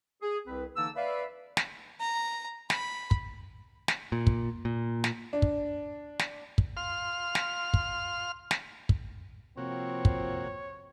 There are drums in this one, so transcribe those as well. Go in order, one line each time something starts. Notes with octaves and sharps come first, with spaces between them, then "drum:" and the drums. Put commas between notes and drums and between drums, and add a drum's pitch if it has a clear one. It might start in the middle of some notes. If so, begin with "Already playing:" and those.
G#4
C2 C4 B4
D3 E3 A#3 D#4 A5 E6
B4 D5 E5 F5
drum: snare
A#5
B5, drum: snare
drum: kick
drum: snare
A#2
drum: kick
A#2
drum: snare
D4
drum: kick
drum: snare
drum: kick
F5 C6 F6
drum: snare
drum: kick
drum: snare
drum: kick
C3 F3 A#3 C4 F#4 C#5
drum: kick